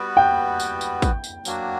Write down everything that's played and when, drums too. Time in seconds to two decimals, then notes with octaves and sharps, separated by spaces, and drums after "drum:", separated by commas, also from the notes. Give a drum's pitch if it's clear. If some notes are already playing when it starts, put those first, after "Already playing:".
Already playing: G3 B3 F#4 B4
0.17 G5
0.60 drum: tambourine
0.81 drum: tambourine
1.02 drum: kick, tambourine
1.24 drum: tambourine
1.45 F#3 A#3 D4 F#4, drum: tambourine